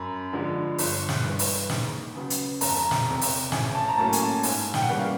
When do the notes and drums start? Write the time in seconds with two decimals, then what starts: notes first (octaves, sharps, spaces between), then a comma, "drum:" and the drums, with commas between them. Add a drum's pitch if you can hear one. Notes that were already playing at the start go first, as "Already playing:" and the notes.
Already playing: F#2 B5
0.33 D3 F3 G#3
0.78 G1, drum: open hi-hat
1.09 drum: snare
1.24 G2 E3
1.39 drum: open hi-hat
1.70 D#2, drum: snare
2.15 C#3 F#3 B3
2.30 drum: hi-hat
2.61 F1 A#5, drum: open hi-hat
2.70 A5
2.79 A#5
2.91 drum: snare
3.06 E2 C3
3.21 drum: open hi-hat
3.52 A1 G#5, drum: snare
3.75 A5
3.88 A#5
3.98 A2 F#3 A#3 C#4 A5
4.13 G#5, drum: hi-hat
4.20 A5
4.43 G#2 G#5, drum: open hi-hat
4.74 G5, drum: snare
4.82 F#5
4.89 E3 G3 A#3 C#4 G5
4.99 F5